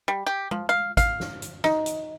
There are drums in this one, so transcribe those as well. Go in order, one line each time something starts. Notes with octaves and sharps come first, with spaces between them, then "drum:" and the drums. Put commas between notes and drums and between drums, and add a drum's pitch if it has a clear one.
G3
G4
F3, drum: tom G#3
F5
F5, drum: kick, hi-hat
drum: snare
drum: hi-hat
D#4, drum: snare
drum: hi-hat